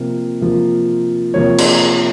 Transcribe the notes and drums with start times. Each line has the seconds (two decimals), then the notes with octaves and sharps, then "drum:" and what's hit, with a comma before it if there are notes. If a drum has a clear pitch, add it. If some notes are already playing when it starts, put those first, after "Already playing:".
Already playing: C3 F3 A#3
0.41 C3 F3 A#3
1.34 C3 F3 A#3 C#5
1.59 drum: cymbal